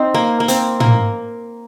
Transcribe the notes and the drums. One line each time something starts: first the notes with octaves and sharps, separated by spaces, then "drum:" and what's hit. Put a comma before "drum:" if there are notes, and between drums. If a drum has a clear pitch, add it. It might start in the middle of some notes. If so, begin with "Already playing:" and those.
Already playing: C4 D#4
A#3
A#3
C4, drum: hi-hat
A#3, drum: tom